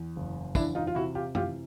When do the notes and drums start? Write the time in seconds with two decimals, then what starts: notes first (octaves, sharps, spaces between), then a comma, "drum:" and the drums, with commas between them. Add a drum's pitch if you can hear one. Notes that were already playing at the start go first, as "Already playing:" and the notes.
Already playing: E2
0.16 F#1
0.55 E2 D4 E4, drum: kick, tambourine
0.75 D#4 F4
0.87 F4
0.95 C3 E4 F#4
1.15 F4 G4
1.35 E3 F4 G4, drum: tom F#2